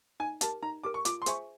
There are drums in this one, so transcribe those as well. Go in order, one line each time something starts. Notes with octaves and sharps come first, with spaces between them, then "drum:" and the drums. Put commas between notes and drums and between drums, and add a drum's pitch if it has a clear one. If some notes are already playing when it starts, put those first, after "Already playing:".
D#4 G#5
G4 A#4 A5, drum: hi-hat
D#4 A#5
G4 A#4 D6
C#6
F4 D6, drum: hi-hat
C6
G#4 C5 E5 G#5 C#6, drum: hi-hat